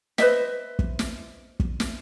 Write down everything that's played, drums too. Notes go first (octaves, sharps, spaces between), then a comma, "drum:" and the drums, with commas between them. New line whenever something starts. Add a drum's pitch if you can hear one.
B4 C5 D#5 E5, drum: snare
drum: kick
drum: snare
drum: kick
drum: snare